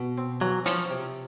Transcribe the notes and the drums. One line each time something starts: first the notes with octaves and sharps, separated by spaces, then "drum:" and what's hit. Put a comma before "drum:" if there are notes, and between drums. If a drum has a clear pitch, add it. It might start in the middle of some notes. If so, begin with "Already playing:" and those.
Already playing: B2
C4
E3 F#3
F3 C#4, drum: hi-hat
C3